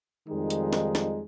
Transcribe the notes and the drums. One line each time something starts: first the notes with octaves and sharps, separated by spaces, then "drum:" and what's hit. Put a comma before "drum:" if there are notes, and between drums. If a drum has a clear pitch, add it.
F2 D#3 G3 G#3 D#4
drum: hi-hat
drum: snare
drum: snare